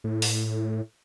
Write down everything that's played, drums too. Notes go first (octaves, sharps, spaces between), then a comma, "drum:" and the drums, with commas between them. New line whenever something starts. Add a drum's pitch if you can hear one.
A2
drum: open hi-hat